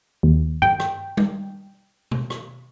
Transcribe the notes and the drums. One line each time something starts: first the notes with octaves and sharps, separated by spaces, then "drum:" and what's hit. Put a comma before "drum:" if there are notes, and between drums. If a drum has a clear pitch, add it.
D#2
G5, drum: tom G2
drum: rim click
drum: tom G3
drum: tom B2
drum: rim click